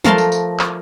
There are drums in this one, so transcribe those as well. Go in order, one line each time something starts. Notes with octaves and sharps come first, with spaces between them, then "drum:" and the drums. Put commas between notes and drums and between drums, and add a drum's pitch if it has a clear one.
F3 A3 A#4 A5 C6, drum: tom
drum: tambourine
drum: tambourine
drum: clap